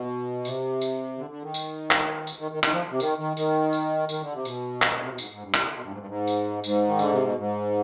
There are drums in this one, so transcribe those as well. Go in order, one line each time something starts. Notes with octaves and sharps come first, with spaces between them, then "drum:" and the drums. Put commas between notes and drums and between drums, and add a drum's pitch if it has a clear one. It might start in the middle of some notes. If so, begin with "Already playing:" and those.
Already playing: B2
C3, drum: tambourine
drum: tambourine
D3
D3
D#3
drum: tambourine
drum: clap
drum: tambourine
D#3
D#3
D#3, drum: clap
F3
C3
D#3, drum: tambourine
D#3
D#3, drum: tambourine
drum: tambourine
D#3, drum: tambourine
D3
C3
B2, drum: tambourine
drum: clap
D3
C3
B2
G#2, drum: tambourine
G#2
G2
C3, drum: clap
D3
B2
G2
G#2
G2
G#2
drum: tambourine
G#2, drum: tambourine
D#3
D3, drum: tambourine
C3
B2
G#2